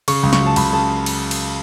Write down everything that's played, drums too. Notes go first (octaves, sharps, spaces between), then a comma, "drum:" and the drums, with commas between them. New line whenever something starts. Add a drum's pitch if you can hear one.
C#3 C#6, drum: cymbal
C#2
C#6, drum: snare
F#3
A5
C#2 B5, drum: cymbal
C#3 A5
drum: cymbal
drum: cymbal